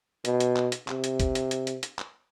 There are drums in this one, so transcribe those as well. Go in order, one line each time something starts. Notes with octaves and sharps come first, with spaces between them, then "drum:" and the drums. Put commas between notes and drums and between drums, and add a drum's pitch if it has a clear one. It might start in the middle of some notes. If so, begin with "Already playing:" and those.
B2, drum: hi-hat
drum: hi-hat
drum: clap
drum: hi-hat
C3, drum: clap
drum: hi-hat
drum: kick, hi-hat
drum: hi-hat
drum: hi-hat
drum: hi-hat
drum: hi-hat
drum: clap